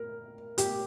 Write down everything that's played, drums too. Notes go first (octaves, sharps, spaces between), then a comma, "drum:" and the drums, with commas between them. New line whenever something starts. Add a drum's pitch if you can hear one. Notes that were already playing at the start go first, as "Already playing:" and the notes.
Already playing: A#4
G4, drum: hi-hat